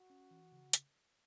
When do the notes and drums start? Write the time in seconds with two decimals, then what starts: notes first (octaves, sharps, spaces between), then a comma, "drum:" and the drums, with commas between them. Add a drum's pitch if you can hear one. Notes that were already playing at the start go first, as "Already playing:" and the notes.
Already playing: F#4
0.10 C#4
0.31 E3
0.52 C#3
0.73 drum: hi-hat